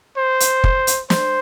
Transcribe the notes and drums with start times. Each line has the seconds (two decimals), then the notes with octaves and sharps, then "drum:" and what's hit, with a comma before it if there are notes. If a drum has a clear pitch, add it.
0.17 C5
0.40 drum: hi-hat
0.64 drum: kick
0.87 drum: hi-hat
1.10 C5, drum: snare